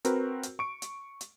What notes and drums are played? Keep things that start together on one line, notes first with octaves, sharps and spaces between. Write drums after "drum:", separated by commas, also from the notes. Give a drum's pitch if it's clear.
C4 F#4 A#4 B4, drum: hi-hat
drum: hi-hat
C#6 D7
drum: hi-hat
drum: hi-hat